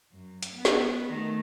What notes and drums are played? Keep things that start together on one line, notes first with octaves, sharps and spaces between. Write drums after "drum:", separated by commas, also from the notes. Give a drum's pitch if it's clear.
F#2
drum: hi-hat
B3
drum: snare
D#3 A3